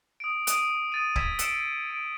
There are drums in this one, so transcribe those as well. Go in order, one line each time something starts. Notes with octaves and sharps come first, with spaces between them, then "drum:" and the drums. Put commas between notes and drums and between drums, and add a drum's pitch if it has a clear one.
D#6 D7
D#6 D7 D#7, drum: hi-hat
D#6 A6 D#7
E6 G#6 B6 E7, drum: kick C#1
E6 C#7 D7 E7, drum: hi-hat
D7